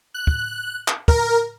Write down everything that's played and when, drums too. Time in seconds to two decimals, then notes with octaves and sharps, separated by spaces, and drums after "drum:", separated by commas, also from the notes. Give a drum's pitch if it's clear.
0.14 F#6
0.27 drum: kick
0.88 drum: clap
1.08 A#4, drum: kick